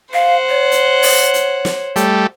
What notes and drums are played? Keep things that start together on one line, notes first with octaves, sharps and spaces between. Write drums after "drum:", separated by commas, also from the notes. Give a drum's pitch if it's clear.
C5 F5 F#5
C#5
drum: hi-hat
drum: open hi-hat
drum: hi-hat
drum: snare
G3 A3, drum: hi-hat